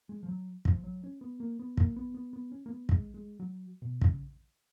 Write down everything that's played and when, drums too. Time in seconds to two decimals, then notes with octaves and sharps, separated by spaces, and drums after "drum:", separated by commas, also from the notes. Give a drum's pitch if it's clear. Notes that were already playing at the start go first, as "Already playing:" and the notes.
0.09 G#3
0.23 F3
0.29 F#3
0.65 F3, drum: kick
0.84 F#3
1.04 C#4
1.21 B3
1.40 A#3
1.59 B3
1.77 A#3, drum: kick
1.96 B3
2.14 B3
2.33 B3
2.52 C#4
2.66 A#3
2.70 B3
2.89 G#3, drum: kick
3.14 G#3
3.40 F#3
3.82 B2
4.01 C#3, drum: kick